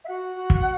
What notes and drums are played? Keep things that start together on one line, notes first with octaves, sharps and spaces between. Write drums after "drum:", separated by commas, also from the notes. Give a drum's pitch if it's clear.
E5
F#4 F#5
F#4
drum: kick